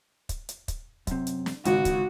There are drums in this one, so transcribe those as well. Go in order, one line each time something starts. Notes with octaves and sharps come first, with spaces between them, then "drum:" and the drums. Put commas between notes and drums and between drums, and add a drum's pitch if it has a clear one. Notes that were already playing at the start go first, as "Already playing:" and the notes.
drum: kick, hi-hat
drum: hi-hat
drum: kick, hi-hat
F#2 C3, drum: kick, hi-hat
drum: hi-hat
drum: snare
G#1 C#2 F#4, drum: hi-hat
drum: kick, hi-hat